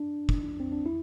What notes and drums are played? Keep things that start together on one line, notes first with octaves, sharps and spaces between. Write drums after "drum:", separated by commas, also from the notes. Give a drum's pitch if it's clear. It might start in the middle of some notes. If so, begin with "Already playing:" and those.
Already playing: D4
drum: kick
C4
D4
E4